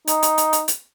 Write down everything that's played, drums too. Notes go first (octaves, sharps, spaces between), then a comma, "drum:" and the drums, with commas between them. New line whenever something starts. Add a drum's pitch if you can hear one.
D#4, drum: hi-hat
drum: hi-hat
drum: hi-hat
drum: hi-hat
drum: hi-hat